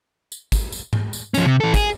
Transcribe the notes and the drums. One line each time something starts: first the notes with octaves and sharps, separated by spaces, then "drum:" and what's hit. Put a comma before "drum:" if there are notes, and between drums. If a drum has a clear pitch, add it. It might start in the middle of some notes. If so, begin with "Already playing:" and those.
drum: tambourine
drum: kick, tambourine
drum: tambourine
drum: tom G#2
drum: tambourine
F3 C#4, drum: tambourine
C3
E3 A4
G#4, drum: kick, tambourine